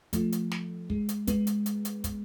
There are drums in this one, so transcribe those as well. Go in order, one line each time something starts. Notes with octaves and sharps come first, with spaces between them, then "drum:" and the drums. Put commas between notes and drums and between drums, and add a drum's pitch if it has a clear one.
F3 A3, drum: kick, hi-hat
drum: hi-hat
drum: snare
G#3, drum: kick
drum: hi-hat
G#3 B3, drum: kick, hi-hat
drum: hi-hat
drum: hi-hat
drum: hi-hat
drum: kick, hi-hat